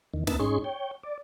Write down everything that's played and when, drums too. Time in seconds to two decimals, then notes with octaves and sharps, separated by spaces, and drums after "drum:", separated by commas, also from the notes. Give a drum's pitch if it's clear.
0.14 E2 D#3
0.27 A#3 D#4 B4 E5 A5, drum: snare
0.39 G#2 C#4 D#4 G#4 C6 C#6
0.64 C#5 G5
1.03 D5